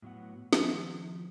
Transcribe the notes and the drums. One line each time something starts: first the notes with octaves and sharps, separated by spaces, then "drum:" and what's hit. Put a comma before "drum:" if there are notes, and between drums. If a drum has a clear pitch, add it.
A2 F#3 B3 F#5
D#3 F3, drum: snare